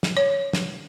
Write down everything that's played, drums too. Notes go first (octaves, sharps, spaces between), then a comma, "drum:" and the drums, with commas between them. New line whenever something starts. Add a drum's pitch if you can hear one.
drum: snare
C#5
drum: snare